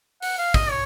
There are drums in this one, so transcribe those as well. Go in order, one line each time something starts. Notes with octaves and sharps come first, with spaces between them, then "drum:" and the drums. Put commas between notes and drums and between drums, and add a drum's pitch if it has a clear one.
F#5, drum: open hi-hat
F5
D#5, drum: kick, open hi-hat
C#5